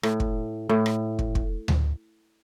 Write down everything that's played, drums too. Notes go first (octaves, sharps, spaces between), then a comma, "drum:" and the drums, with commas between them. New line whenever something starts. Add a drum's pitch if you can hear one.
A2, drum: rim click
drum: kick
A2
drum: rim click
drum: kick
drum: kick
drum: tom D2